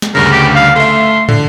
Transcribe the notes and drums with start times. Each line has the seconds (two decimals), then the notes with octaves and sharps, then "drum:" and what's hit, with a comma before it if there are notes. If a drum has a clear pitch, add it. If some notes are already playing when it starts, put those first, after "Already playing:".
0.02 drum: snare
0.15 D2 G2 C#3 A#4
0.32 G4
0.55 F5
0.76 A3 E5 C6
1.28 D3, drum: tom